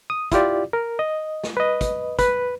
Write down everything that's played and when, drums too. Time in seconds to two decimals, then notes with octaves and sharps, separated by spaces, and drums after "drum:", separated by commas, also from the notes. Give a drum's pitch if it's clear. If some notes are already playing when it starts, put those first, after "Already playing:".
0.10 D#6
0.32 E4 F4 G4 D5, drum: kick, hi-hat
0.73 A#4
0.99 D#5
1.44 drum: snare
1.57 B4 D#5
1.81 drum: kick, hi-hat
2.19 B4, drum: kick, hi-hat